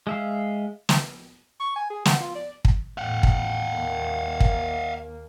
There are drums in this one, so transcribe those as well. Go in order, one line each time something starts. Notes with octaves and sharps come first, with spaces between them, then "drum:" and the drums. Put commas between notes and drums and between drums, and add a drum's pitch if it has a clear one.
G#3 E5 F5
drum: snare
C#6
G#5
G#4
F#5, drum: snare
F4
D5
drum: kick
E2 A2 F5 F#5
drum: kick
D#2 A#3
drum: kick